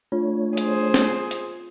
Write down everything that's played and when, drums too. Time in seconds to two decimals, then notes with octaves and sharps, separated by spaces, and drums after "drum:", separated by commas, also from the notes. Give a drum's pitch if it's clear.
0.12 A3 D4 F4 C#5
0.57 G#4 C5, drum: hi-hat
0.94 drum: snare
1.31 drum: hi-hat